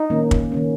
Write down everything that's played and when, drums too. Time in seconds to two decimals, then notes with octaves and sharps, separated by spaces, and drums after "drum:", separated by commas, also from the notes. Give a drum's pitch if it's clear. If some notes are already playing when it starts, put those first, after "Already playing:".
Already playing: D#4
0.10 D#3 A#3 C#4
0.31 drum: kick
0.52 D#3 A#3 C#4